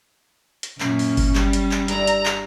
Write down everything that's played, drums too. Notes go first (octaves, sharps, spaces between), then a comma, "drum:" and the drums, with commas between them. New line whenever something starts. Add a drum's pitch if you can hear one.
drum: hi-hat
F#2 A#2 C#4, drum: clap
drum: open hi-hat
drum: kick G1, open hi-hat
G3, drum: clap
drum: hi-hat
drum: clap
G2 D4 E4 A#5, drum: hi-hat
drum: hi-hat
drum: clap